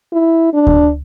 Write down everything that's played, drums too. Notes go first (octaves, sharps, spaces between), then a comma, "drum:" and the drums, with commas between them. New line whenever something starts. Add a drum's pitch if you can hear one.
E4
D4
drum: kick D2